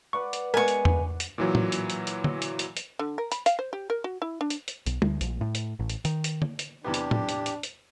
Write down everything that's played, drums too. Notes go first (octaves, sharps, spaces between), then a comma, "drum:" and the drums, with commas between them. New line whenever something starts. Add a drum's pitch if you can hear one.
B4 D5 F#5 C#6
drum: hi-hat
G#3 B3 A#4 G#5 C#6
drum: hi-hat
drum: tom E2
drum: hi-hat
A#2 E3 F#3
drum: tom
drum: hi-hat
drum: hi-hat
drum: hi-hat
drum: tom
drum: hi-hat
drum: hi-hat
drum: hi-hat
D3
A#4
B5, drum: hi-hat
F5, drum: hi-hat
C5
G4
A#4
F#4
E4
D4
drum: hi-hat
drum: hi-hat
B1, drum: hi-hat
D2, drum: tom G3
A#1, drum: hi-hat
A2
drum: hi-hat
A1
drum: hi-hat
D#3, drum: hi-hat
drum: hi-hat
drum: tom
drum: hi-hat
E2 C3 B3 D4 G4
drum: hi-hat
drum: tom
drum: hi-hat
drum: hi-hat
drum: hi-hat